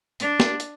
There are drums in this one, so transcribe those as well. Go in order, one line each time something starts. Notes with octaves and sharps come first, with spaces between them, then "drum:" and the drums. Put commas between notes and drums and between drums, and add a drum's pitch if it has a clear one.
D4, drum: hi-hat
drum: snare
drum: hi-hat